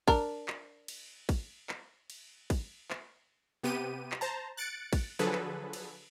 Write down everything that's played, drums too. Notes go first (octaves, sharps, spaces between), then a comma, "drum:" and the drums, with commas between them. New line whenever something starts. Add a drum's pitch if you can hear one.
D4 A#4, drum: kick, cymbal
drum: clap
drum: cymbal
drum: kick, cymbal
drum: clap
drum: cymbal
drum: kick, cymbal
drum: clap
C3 B3 G4 D#7
drum: clap
C5 A5 A#5
F#6 A6 C#7 D7
drum: kick, cymbal
D3 F3 F#3 G#4 A4 B4
drum: clap
drum: cymbal